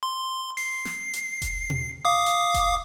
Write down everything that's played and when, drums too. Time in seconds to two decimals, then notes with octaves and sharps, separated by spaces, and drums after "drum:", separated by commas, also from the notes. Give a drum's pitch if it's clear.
0.03 C6
0.57 C7, drum: open hi-hat
0.85 drum: snare
1.13 drum: hi-hat
1.42 drum: kick F1, hi-hat
1.70 drum: tom B2
2.05 F5 D6 D#6
2.26 drum: hi-hat
2.54 drum: kick F1, hi-hat